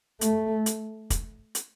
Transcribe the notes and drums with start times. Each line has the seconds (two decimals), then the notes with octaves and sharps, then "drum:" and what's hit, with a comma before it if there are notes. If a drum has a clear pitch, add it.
0.21 A3, drum: hi-hat
0.66 drum: hi-hat
1.10 drum: kick, hi-hat
1.55 drum: hi-hat